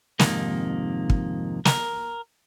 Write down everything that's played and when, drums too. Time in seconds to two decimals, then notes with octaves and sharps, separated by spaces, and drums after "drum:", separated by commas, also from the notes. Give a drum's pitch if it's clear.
0.19 F2 G#2 C3 D#3 A#3, drum: snare
1.10 drum: kick
1.65 A#4, drum: snare